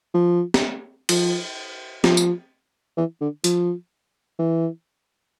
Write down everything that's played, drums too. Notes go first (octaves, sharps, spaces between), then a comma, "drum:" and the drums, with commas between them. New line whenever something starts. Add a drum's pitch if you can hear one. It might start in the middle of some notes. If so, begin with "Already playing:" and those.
F3
drum: snare
F3, drum: cymbal
F3, drum: snare
drum: tambourine
E3
D3
F3, drum: hi-hat
E3